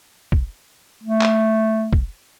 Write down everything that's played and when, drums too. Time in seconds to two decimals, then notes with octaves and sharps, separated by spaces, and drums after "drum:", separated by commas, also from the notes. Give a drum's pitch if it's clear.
0.32 drum: kick
1.03 A3
1.21 drum: clap
1.93 drum: kick